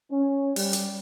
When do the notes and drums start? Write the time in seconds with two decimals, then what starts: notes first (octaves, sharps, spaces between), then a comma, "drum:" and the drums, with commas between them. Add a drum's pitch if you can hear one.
0.11 C#4
0.56 G3, drum: open hi-hat
0.73 drum: hi-hat